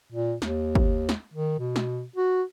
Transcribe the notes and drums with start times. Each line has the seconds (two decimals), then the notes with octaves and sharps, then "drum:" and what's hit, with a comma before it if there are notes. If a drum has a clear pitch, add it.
0.12 A#2
0.42 D#2, drum: snare
0.75 drum: kick
1.09 drum: snare
1.33 D#3
1.59 B2
1.76 drum: snare
2.16 F#4